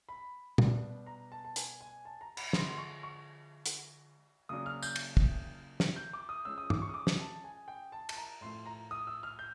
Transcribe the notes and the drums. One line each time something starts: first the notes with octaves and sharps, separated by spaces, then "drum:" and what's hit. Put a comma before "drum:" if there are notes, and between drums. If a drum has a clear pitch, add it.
B5
B2 G3 B3 D4, drum: tom
A#5
A5
A5
G#5, drum: hi-hat
G#5
A5
A#5
B5, drum: cymbal
D3 F3 G#3 C6, drum: snare
C6
C#6
C#6
drum: hi-hat
C#3 F#3 A#3 D4 D#6
F6
G6, drum: tambourine
drum: cymbal
drum: kick
drum: snare
G6
D6
D#6
F3 G#3 C#4 E6
D#6
D6, drum: tom
C#6
D#6
D6
drum: snare
A5
G#5
G5
A5
A5, drum: cymbal
A#5
A2 F3 A3 C6
A#5
D#6
E6
F6
G6